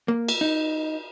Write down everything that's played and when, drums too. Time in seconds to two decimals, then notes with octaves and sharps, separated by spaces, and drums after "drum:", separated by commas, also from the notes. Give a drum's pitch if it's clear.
0.08 A#3
0.28 drum: cymbal
0.41 D#4